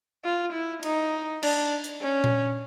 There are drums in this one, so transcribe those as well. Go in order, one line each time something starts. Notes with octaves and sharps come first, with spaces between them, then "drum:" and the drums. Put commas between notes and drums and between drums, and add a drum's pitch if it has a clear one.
F4
E4
D#4, drum: cymbal
D4, drum: cymbal
drum: hi-hat
C#4
drum: tom A#2